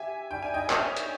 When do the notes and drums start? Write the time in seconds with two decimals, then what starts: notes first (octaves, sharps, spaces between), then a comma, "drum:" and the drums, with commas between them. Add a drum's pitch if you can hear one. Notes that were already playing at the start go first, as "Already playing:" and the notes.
Already playing: G4 E5 G#5
0.31 G3 G5
0.42 G#5
0.54 D#5 G5
0.70 B4 C#5 E5, drum: clap
0.97 drum: hi-hat